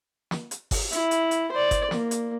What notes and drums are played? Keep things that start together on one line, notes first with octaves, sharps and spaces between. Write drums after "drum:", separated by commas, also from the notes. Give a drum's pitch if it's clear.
drum: snare
drum: hi-hat
drum: kick G1, open hi-hat
E4, drum: hi-hat
drum: hi-hat
drum: hi-hat
C5 D5
drum: kick G1, hi-hat
A#3, drum: snare
drum: hi-hat